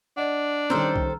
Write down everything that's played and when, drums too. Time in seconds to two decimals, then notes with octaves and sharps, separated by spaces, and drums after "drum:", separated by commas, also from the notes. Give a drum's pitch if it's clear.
0.17 D4 D5 D#5 F#5
0.70 D#3 G3 C#4 A4 C5 A#5 E6 F6
0.96 drum: kick